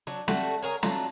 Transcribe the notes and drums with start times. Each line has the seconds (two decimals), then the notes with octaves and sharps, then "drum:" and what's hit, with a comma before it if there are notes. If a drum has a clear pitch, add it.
0.07 F#3 D4
0.28 G3 A3 F#4, drum: snare
0.62 G#4 A#4 C#5
0.83 F#3 A3 D4 F4, drum: snare